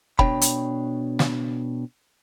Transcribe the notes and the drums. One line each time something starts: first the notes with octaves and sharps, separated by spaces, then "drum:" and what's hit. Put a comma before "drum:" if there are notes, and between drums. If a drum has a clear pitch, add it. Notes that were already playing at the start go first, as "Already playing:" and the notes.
B2 B3 D4 C#5 G5 B5, drum: kick
drum: hi-hat
drum: snare